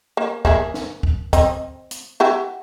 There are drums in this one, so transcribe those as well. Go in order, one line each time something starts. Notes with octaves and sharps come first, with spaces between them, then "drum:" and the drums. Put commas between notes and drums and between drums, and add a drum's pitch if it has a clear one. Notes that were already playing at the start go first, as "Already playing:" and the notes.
A#3
A#3 E4 G#4, drum: kick
drum: snare
drum: kick
C4 D#5, drum: kick, hi-hat
drum: hi-hat
E4 F#4 G4